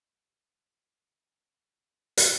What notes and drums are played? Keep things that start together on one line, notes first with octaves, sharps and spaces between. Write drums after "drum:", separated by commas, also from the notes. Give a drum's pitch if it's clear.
G#3 A#5 A6
drum: hi-hat